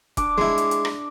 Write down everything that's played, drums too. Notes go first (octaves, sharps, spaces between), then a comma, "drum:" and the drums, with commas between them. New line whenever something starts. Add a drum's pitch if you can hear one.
D4 D5 D6, drum: kick E1, hi-hat
G#3 E4
drum: hi-hat
drum: hi-hat
drum: rim click